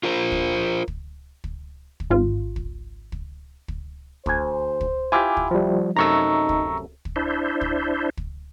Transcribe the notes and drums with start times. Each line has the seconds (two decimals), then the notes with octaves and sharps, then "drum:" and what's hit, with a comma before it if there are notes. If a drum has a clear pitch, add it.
0.03 F4 A#4 C5
0.32 drum: kick
0.88 drum: kick
1.44 drum: kick
2.00 drum: kick
2.11 G#1 F4
2.56 drum: kick
3.12 drum: kick
3.68 drum: kick
4.26 D2 C5 G#5, drum: kick
4.81 drum: kick
5.12 E4 F4 G4 G#5 D6
5.37 drum: kick
5.51 F3 G3
5.97 F#2 C3 A3 D#4 A#5 C#6 E6
6.49 drum: kick
7.05 drum: kick
7.16 D4 E4 C5
7.61 drum: kick
8.17 drum: kick